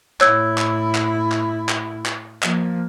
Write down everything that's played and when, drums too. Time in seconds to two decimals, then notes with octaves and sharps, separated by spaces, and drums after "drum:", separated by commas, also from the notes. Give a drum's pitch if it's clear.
0.21 A2 E4 C#5 E6 G#6, drum: clap
0.58 drum: clap
0.95 drum: clap
1.32 drum: clap
1.69 drum: clap
2.06 drum: clap
2.43 F3 A#3, drum: clap